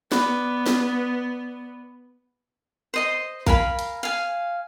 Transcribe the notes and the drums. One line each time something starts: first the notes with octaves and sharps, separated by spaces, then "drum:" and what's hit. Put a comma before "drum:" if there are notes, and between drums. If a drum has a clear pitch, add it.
B3 B4 D5, drum: snare
drum: snare
C5 D#5 C6
A#4 F5 G#5 B5, drum: kick A#1
drum: hi-hat
F5 G#5